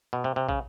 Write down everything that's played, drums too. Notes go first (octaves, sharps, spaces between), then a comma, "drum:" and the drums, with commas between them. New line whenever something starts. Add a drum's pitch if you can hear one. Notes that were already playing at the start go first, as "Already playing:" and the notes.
B2
C3
C3
C#3, drum: kick